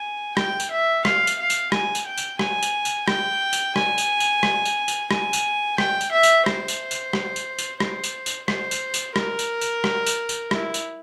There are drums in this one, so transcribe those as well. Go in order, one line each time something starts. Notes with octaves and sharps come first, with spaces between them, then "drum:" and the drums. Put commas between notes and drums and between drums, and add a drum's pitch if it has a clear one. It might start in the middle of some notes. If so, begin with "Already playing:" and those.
Already playing: G#5
G5, drum: rim click
drum: tambourine
E5
F5, drum: rim click
drum: tambourine
F5
drum: tambourine
G#5, drum: rim click
drum: tambourine
G5
drum: tambourine
G#5, drum: rim click
drum: tambourine
drum: tambourine
G5, drum: rim click
drum: tambourine
G#5, drum: rim click
drum: tambourine
drum: tambourine
drum: rim click
drum: tambourine
drum: tambourine
G#5, drum: rim click
drum: tambourine
G5, drum: rim click
drum: tambourine
E5
drum: tambourine
C5, drum: rim click
drum: tambourine
drum: tambourine
drum: rim click
drum: tambourine
drum: tambourine
C5, drum: rim click
drum: tambourine
drum: tambourine
C5, drum: rim click
drum: tambourine
drum: tambourine
A#4, drum: rim click
drum: tambourine
drum: tambourine
drum: rim click
drum: tambourine
drum: tambourine
E4, drum: rim click
drum: tambourine